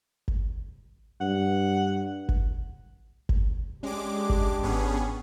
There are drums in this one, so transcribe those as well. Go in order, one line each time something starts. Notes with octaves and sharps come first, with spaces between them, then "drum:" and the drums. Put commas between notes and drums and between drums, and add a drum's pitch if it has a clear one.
drum: kick G1
G2 F#5
drum: kick G1
drum: kick G1
G#3 C#4 D4 G4 D6
drum: kick G1
G#1 B3 C#4 G#4